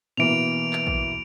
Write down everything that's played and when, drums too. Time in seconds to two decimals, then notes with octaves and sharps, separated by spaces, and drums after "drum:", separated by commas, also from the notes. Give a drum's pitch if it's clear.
0.17 B2 E3 A#3 D7 F7
0.73 drum: clap
0.87 drum: kick